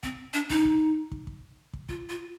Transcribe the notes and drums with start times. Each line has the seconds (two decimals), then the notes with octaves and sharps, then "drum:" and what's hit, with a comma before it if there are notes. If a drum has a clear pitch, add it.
0.03 C4, drum: kick
0.33 D4
0.50 D#4, drum: kick
0.65 drum: kick
1.12 drum: kick
1.27 drum: kick
1.73 drum: kick
1.89 F4, drum: kick
2.09 F4